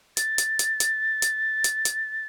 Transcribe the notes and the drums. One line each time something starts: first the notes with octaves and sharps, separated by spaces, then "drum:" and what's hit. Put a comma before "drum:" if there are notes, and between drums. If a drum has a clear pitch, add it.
A6, drum: hi-hat
drum: hi-hat
drum: hi-hat
drum: hi-hat
drum: hi-hat
drum: hi-hat
drum: hi-hat